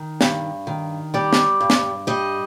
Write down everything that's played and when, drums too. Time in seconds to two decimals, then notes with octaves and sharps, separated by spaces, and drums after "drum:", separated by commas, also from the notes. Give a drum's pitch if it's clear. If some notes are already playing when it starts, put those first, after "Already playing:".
Already playing: D#3
0.21 G2, drum: snare
0.67 D#3
1.14 G3 D5
1.33 drum: snare
1.61 G2
1.70 drum: snare
2.07 G3 D#5